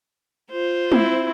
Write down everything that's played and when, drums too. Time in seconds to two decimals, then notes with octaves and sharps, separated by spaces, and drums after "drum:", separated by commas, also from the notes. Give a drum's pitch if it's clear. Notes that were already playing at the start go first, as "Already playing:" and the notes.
0.51 F4 C5
0.92 C4 E4, drum: tom